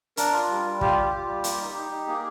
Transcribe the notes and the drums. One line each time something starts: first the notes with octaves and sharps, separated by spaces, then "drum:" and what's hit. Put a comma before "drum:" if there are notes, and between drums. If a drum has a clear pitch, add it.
D4 A#4, drum: hi-hat
F4
G3
G3
F4 G4, drum: kick
F4
F4
G3
A#3, drum: hi-hat
D#4
D#4
D#4
A#3 G#4